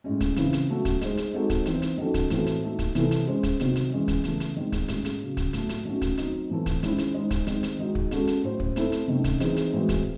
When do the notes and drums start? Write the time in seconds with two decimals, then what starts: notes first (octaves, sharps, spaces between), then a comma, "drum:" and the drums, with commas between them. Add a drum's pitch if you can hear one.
0.04 A2 G#3 C#4
0.20 drum: kick, hi-hat
0.36 C#3 E3 C4 E4, drum: hi-hat
0.53 drum: hi-hat
0.69 F#3 A3 C#4 F#4
0.85 drum: kick, hi-hat
1.01 G#3 D#4 G#4 C5, drum: hi-hat
1.17 drum: hi-hat
1.34 G#3 C4 D#4 F#4 A4
1.50 drum: kick, hi-hat
1.65 E3 C4 D#4, drum: hi-hat
1.82 drum: hi-hat
1.98 D#3 F#3 C#4 F#4 A4
2.14 drum: kick, hi-hat
2.30 A2 E3 C4 F#4 A4, drum: hi-hat
2.46 drum: hi-hat
2.63 A3 D#4 F#4
2.79 drum: kick, hi-hat
2.95 C3 E3 C4 E4 A4, drum: hi-hat
3.11 drum: hi-hat
3.27 G#3 C#4 G#4 C5
3.43 drum: kick, hi-hat
3.60 C3 D#3 F#3 C4, drum: hi-hat
3.76 drum: hi-hat
3.92 E3 G#3 C#4
4.08 drum: kick, hi-hat
4.24 C#3 E3 A3, drum: hi-hat
4.40 drum: hi-hat
4.56 D#3 G#3 C4
4.72 drum: kick, hi-hat
4.88 A2 G#3 C#4 G#4, drum: hi-hat
5.05 drum: hi-hat
5.21 C#3 F#3 C#4
5.37 drum: kick, hi-hat
5.53 A2 F#3 A3, drum: hi-hat
5.69 drum: hi-hat
5.85 D#3 A3 C#4 F#4
6.01 drum: kick, hi-hat
6.17 F#3 C4 D#4, drum: hi-hat
6.50 A2 E3 A3 C4
6.66 drum: kick, hi-hat
6.83 D#3 G#3 C#4 E4 C5, drum: hi-hat
6.98 drum: hi-hat
7.14 G#3 D#4 G#4 C5
7.31 drum: kick, hi-hat
7.47 D#3 G#3 C4, drum: hi-hat
7.63 drum: hi-hat
7.79 D#3 G#3 D#4 F#4
7.95 drum: kick
8.11 G#3 C#4 F#4 A4, drum: hi-hat
8.27 drum: hi-hat
8.43 A2 F#3 C#4 F#4 C5
8.60 drum: kick
8.76 A3 C4 E4 A4 C5, drum: hi-hat
8.92 drum: hi-hat
9.08 C3 D#3 A3 C#4
9.24 drum: kick, hi-hat
9.40 E3 C4 D#4 G#4, drum: hi-hat
9.56 drum: hi-hat
9.73 A2 E3 G#3 C4 F#4
9.89 drum: kick, hi-hat